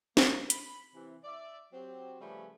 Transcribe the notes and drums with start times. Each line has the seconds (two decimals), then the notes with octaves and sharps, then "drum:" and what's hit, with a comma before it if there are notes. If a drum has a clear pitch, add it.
0.17 A#3, drum: snare
0.50 B5, drum: hi-hat
0.93 C3 E3
1.24 D5 E5
1.73 F#3 C4 G4
2.21 C#3 F3 G3 A3 G#4 B4